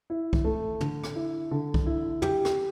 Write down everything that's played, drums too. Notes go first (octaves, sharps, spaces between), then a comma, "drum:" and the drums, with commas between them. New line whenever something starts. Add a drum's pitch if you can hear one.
E4
drum: kick B1
A3
D3, drum: tom
drum: rim click
E4
D3
drum: kick B1
E4
G4, drum: tom
drum: rim click